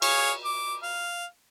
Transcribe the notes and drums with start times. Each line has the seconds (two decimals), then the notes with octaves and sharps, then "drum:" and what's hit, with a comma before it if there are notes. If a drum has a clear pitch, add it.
0.02 G#4 C#5 F5, drum: cymbal
0.45 D6
0.83 F5